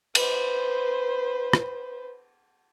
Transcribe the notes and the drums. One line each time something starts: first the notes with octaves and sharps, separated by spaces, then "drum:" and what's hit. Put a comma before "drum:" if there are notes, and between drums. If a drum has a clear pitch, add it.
B4 C5, drum: cymbal
drum: rim click